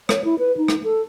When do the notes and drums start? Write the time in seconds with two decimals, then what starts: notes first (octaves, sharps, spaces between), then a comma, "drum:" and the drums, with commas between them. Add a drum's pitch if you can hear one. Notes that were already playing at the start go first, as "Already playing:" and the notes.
0.09 C#5, drum: rim click
0.25 E4
0.39 B4
0.57 D#4
0.68 drum: rim click
0.84 A4